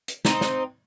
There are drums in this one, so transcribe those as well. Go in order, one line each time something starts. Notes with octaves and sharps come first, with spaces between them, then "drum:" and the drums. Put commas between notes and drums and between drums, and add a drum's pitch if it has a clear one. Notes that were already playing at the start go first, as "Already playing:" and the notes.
drum: hi-hat
C4 D#4, drum: snare
drum: snare